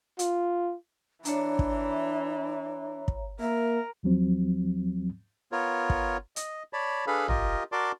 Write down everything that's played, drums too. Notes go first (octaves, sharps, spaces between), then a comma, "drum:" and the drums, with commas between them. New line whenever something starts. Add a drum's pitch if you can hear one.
F4, drum: hi-hat
E3 D4 C#5 E5 A#5, drum: hi-hat
drum: kick
drum: kick
A#3 A#4 E5
D#2 F3 F#3 C4
B3 F4 A#4 C#5
drum: kick
D#5, drum: hi-hat
C#5 D5 A5 B5
D4 G#4 A4 B4 F5 B5
F4 G4 A#4 D#5, drum: tom
F#4 A#4 D5 A5 C6 D6